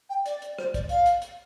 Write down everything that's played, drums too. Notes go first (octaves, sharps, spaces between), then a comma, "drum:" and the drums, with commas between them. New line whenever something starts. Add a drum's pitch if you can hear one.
G5
D5, drum: hi-hat
drum: hi-hat
C5, drum: rim click
D5, drum: kick, hi-hat
F5, drum: hi-hat
drum: hi-hat
drum: hi-hat